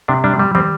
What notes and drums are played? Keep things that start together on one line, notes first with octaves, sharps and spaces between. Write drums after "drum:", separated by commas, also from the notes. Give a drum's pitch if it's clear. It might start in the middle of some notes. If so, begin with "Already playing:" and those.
C3 D4
G3 D4
G3
G3 C4, drum: tom